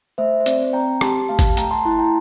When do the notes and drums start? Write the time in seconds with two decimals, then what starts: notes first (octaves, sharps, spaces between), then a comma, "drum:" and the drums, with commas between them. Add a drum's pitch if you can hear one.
0.18 A3 C5 E5
0.40 C5
0.46 C4 D5, drum: hi-hat
0.73 C4 G5 A#5
1.01 G4 A5 C6, drum: rim click
1.29 A3 F5 A5
1.39 drum: kick G1, hi-hat
1.57 A3 G5 A#5, drum: hi-hat
1.71 A5 C6
1.85 E4 A5 C6
1.99 G5 A#5